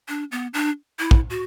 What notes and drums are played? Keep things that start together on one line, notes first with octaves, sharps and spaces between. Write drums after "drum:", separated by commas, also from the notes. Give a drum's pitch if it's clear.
D4
B3
D4
E4
drum: kick
F#4